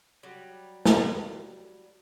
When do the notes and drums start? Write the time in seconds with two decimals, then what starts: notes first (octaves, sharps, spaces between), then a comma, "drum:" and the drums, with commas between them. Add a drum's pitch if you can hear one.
0.23 F#3 G3
0.85 drum: snare